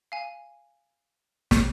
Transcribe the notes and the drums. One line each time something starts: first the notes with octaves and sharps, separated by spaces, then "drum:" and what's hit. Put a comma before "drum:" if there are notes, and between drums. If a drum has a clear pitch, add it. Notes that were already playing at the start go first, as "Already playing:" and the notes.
F5 G#5
drum: snare